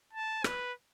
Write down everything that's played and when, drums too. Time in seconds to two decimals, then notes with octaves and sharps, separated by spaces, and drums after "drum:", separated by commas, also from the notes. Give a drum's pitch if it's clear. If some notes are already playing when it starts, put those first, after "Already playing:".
0.13 A5
0.44 B4, drum: rim click